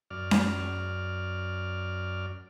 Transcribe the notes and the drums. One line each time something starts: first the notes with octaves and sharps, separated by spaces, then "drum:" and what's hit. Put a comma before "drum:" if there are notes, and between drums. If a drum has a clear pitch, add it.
F#2 D5 F6
drum: snare C#4